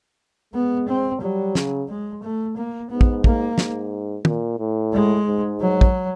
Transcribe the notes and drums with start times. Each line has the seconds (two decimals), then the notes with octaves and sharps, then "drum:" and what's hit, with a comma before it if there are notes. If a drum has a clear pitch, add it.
0.53 G#3 B3
0.88 C4
1.21 F#3 G3
1.55 C#3, drum: snare
1.89 G#3
2.23 A3
2.57 A#3
2.90 G#2 B3
3.01 drum: kick
3.24 A#3, drum: kick
3.58 G#2, drum: snare
4.25 A#2, drum: tom
4.59 A2
4.93 G#3
5.27 G#2
5.60 F#3
5.81 drum: kick